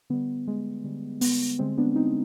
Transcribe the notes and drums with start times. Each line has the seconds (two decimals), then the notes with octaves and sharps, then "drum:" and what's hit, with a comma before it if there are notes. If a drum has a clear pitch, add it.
0.10 D3 G3 B3
0.48 G#3
0.84 D3 G3
1.21 B3, drum: open hi-hat
1.59 D3 G3 G#3 C4
1.78 B3 D4
1.96 C4 D#4